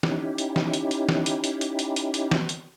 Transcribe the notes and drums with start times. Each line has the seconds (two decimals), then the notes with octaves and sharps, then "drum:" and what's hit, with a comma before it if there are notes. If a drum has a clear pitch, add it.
0.03 C#4 D#4 E4 G4, drum: snare
0.38 drum: hi-hat
0.56 drum: snare
0.73 drum: hi-hat
0.91 drum: hi-hat
1.09 drum: snare
1.26 drum: hi-hat
1.44 drum: hi-hat
1.61 drum: hi-hat
1.79 drum: hi-hat
1.96 drum: hi-hat
2.14 drum: hi-hat
2.31 drum: snare
2.49 drum: hi-hat